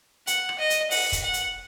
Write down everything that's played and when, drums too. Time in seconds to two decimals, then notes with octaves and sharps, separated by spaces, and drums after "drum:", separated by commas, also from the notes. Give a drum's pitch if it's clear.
0.27 F#5, drum: hi-hat
0.49 drum: rim click
0.59 D#5
0.70 drum: hi-hat
0.91 F#5, drum: open hi-hat
1.12 drum: kick, hi-hat
1.23 F#5
1.33 drum: hi-hat